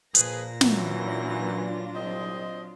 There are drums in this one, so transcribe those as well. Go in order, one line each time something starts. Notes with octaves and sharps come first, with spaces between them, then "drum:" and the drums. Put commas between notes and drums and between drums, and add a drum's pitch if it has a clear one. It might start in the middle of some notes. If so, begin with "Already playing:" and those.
A#2 F3 G#4 B4 A#6, drum: hi-hat
F#2 E3 F#3 D4 F4, drum: snare
C2 C4 D#5